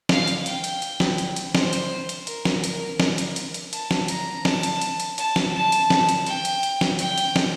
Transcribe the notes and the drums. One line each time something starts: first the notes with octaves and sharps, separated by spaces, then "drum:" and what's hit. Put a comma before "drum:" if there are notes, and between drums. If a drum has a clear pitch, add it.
F5, drum: snare
drum: hi-hat
G5, drum: hi-hat
drum: hi-hat
drum: hi-hat
drum: snare
drum: hi-hat
drum: hi-hat
C5, drum: snare
drum: hi-hat
drum: hi-hat
A#4, drum: hi-hat
drum: snare
A#4, drum: hi-hat
A#4, drum: snare
drum: hi-hat
drum: hi-hat
drum: hi-hat
A5, drum: hi-hat
drum: snare
A#5, drum: hi-hat
A5, drum: snare
drum: hi-hat
drum: hi-hat
drum: hi-hat
A5, drum: hi-hat
drum: snare
A5
drum: hi-hat
drum: snare
drum: hi-hat
G5, drum: hi-hat
drum: hi-hat
drum: hi-hat
drum: snare
G5, drum: hi-hat
drum: hi-hat
drum: snare